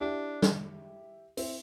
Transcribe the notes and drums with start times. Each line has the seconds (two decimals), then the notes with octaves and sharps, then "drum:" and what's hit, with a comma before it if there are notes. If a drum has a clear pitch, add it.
0.01 D4 E4 G4
0.42 drum: snare
1.37 C4 E4, drum: open hi-hat